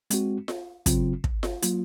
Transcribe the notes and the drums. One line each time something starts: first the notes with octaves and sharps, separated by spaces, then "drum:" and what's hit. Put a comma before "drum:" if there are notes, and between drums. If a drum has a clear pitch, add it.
G#3 C4 F#4, drum: hi-hat
drum: snare F4
C#3 F#3 C4 F4, drum: kick, hi-hat
drum: kick
drum: snare F4
F#3 A#3 F4, drum: hi-hat